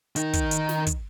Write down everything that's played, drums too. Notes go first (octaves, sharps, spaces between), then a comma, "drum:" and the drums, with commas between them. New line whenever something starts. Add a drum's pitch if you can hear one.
D#3 D#4, drum: hi-hat
drum: kick, hi-hat
drum: hi-hat
drum: snare
drum: kick, hi-hat